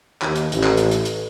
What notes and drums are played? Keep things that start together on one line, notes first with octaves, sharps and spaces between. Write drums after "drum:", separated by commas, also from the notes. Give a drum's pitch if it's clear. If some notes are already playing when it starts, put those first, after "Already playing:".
D#2, drum: clap
drum: hi-hat
A1, drum: hi-hat
drum: clap
drum: hi-hat
drum: hi-hat
drum: hi-hat